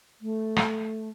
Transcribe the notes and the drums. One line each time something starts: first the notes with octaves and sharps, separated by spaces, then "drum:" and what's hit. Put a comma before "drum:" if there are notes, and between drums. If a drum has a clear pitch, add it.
A3
drum: rim click